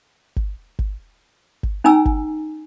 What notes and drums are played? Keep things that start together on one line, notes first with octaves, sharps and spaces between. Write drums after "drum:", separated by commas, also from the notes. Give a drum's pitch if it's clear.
drum: kick G#1
drum: kick G#1
drum: kick G#1
C#4 D#4 G#5 A#5 E6
drum: kick G#1